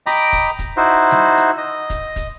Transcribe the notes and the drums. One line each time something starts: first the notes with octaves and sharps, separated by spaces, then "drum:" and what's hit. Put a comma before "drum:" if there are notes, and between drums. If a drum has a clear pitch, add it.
D#5 G5 A#5 B5 D6, drum: open hi-hat
drum: kick, hi-hat
drum: kick, hi-hat
D#4 E4 F#4 C5
drum: snare G3
drum: hi-hat
D#5
drum: kick, hi-hat
drum: kick, hi-hat